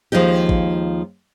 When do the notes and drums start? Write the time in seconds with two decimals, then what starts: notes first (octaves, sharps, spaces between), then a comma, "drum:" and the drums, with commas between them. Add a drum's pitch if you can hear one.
0.12 D#2 F3 G#3 D#4 G4
0.49 drum: kick G#1